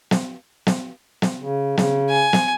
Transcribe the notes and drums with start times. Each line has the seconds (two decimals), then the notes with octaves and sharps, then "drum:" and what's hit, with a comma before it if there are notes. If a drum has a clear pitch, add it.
0.11 drum: snare
0.67 drum: snare
1.22 drum: snare
1.38 C#3
1.77 C#3, drum: snare
2.10 G#5
2.33 drum: snare